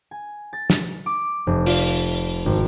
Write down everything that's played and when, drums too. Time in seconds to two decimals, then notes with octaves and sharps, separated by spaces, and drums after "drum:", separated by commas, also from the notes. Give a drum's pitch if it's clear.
0.11 G#5
0.53 A6
0.70 drum: snare
1.06 D6
1.47 F1
1.66 F4, drum: open hi-hat
2.46 G#1